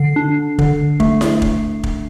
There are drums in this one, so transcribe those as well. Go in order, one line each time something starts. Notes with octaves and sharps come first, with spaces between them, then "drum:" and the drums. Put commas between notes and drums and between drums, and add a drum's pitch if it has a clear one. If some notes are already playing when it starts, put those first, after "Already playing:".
Already playing: D3 C7
D4
D3, drum: kick
A3, drum: kick
drum: snare E4
drum: kick
drum: kick